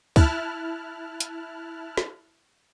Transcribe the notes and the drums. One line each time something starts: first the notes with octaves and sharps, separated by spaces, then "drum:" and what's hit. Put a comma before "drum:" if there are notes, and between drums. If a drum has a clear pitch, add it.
E4 A5 F6 F#6, drum: kick C#2
drum: hi-hat
drum: snare